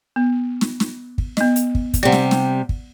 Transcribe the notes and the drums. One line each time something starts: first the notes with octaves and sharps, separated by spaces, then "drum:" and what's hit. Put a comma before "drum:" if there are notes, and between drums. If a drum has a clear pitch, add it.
B3
drum: snare
drum: snare
drum: kick
B3 D#5, drum: snare
drum: hi-hat
drum: kick
drum: kick, hi-hat
C3 G3 D5 F#5
drum: snare
drum: snare
drum: kick